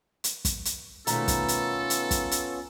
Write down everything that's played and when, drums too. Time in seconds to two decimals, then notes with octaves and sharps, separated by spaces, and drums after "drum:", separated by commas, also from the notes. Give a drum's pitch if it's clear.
0.24 drum: hi-hat
0.45 drum: kick, hi-hat
0.65 drum: hi-hat
1.07 B2 D#3 A3 B3 C#4 F4 A4 A#5, drum: hi-hat
1.28 drum: kick, hi-hat
1.48 drum: hi-hat
1.90 drum: hi-hat
2.11 drum: kick, hi-hat
2.31 drum: hi-hat